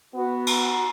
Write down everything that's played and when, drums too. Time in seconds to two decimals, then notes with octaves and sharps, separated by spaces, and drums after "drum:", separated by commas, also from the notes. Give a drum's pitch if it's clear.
0.14 B3 F#4
0.47 drum: cymbal